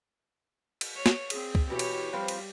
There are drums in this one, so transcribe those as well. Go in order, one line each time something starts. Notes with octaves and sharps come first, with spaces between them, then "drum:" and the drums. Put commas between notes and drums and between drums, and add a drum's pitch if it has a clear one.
drum: cymbal
C#5
drum: snare
C4 G#4, drum: cymbal
drum: kick
B2 E3 G4 C#5
drum: cymbal
F3 G3 C4 B4
drum: cymbal